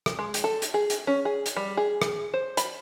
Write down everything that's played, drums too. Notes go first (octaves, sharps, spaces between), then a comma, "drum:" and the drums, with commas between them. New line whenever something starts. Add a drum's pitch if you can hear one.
drum: rim click
G#3
drum: hi-hat
A4
drum: hi-hat
G#4
drum: hi-hat
C#4
G#4
drum: hi-hat
G3
G#4
drum: rim click
C5
B5, drum: hi-hat